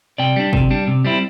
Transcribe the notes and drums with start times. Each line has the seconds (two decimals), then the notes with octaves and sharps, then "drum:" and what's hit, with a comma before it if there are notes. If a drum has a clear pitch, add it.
0.18 C3 D5 G5
0.36 G3 D4
0.53 C3, drum: kick G1
0.71 G3 D4
0.87 C3
1.05 G3 C4 E4